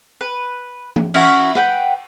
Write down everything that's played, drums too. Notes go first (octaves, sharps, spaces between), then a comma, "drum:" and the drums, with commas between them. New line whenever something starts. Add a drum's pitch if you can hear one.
B4
drum: tom E3
C#4 E4 F#4, drum: cymbal
B4 F#5 G5, drum: rim click